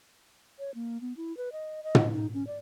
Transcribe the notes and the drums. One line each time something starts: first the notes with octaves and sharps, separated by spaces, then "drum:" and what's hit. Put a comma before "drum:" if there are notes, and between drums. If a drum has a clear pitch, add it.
C#5
A#3
B3
E4
B4
D#5
D#5
drum: tom
D#4
C#4
D5